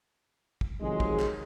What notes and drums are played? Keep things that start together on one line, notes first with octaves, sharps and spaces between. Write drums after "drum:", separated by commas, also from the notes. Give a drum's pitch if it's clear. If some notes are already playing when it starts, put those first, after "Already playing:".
drum: kick
C3 D#3 F3 F#3 G#3
drum: kick
drum: clap